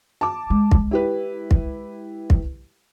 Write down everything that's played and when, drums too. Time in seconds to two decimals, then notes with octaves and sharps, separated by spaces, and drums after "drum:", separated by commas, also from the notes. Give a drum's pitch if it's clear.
0.21 A5 D6
0.50 G#3
0.71 drum: kick
0.91 E4 G4 B4
1.51 drum: kick
2.30 drum: kick